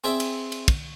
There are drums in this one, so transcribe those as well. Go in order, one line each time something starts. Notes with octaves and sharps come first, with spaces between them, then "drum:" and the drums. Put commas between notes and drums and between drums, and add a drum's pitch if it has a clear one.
C4 G#4 D5 E5 G5
drum: cymbal
drum: cymbal
drum: kick, cymbal